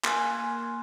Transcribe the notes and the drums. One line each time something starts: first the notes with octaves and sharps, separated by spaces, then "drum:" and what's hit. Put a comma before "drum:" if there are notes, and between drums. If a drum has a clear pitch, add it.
A#3 G#5 C6 F6 F#6, drum: clap